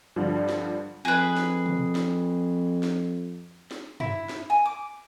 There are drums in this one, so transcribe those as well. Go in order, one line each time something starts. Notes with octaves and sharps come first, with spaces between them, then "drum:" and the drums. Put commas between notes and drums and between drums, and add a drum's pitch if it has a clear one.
G2 D3 F3 G3
drum: snare
F2 G#4 B4
drum: snare
drum: tom
drum: snare
drum: snare
drum: snare
E4, drum: tom
drum: snare
G#5
D6